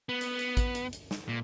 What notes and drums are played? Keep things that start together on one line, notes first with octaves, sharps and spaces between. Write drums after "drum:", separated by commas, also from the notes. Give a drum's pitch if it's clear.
B3
drum: hi-hat
drum: hi-hat
drum: kick, hi-hat
drum: hi-hat
drum: hi-hat
drum: snare
A#2